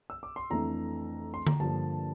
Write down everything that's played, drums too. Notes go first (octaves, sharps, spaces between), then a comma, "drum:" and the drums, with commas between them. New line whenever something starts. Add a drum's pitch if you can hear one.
E6
D6
C6
F2 E3 A3 D4 A#5
C6
A#5, drum: tom D3
G2 D3 F3 A#3 A5